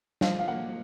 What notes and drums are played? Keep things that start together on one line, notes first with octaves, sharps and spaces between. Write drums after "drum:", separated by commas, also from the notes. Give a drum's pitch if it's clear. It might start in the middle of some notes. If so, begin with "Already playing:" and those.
F3 F5, drum: snare
F5
A#3 F#5